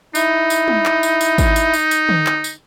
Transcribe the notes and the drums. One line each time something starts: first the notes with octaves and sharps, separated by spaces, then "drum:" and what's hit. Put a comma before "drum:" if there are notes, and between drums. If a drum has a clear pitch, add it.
D#4 E4, drum: tambourine
drum: tambourine
drum: tom
drum: clap
drum: tambourine
drum: tambourine
drum: kick, tambourine
drum: tambourine
drum: tambourine
drum: tambourine
drum: tom
drum: clap
drum: tambourine